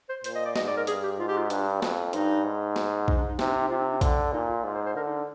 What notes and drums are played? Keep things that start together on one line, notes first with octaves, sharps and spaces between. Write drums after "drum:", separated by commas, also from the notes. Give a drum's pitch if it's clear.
C5
A#2 C5, drum: hi-hat
D#5
D5
G#2 D#5, drum: snare
D5
A#4
G2 G#4, drum: hi-hat
G4
G#2 F4
G4
F4
D#4
G2 D4, drum: hi-hat
F2, drum: snare
G2 D#4, drum: hi-hat
G#2
drum: snare
D#4, drum: kick A#1
D4
D#4
C3 D#4, drum: snare
D4
D#4
C3 F4
D#4
D4
D3, drum: kick A#1, hi-hat
A#2 D#4
F4
G#2
C5
C5
D3 A#4
D#4
D4